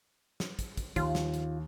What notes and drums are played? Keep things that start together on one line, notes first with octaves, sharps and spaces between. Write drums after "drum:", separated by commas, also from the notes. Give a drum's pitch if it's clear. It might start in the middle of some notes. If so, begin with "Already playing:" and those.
drum: snare
drum: kick, hi-hat
drum: kick, hi-hat
D#2 F4, drum: kick, hi-hat
drum: snare
drum: hi-hat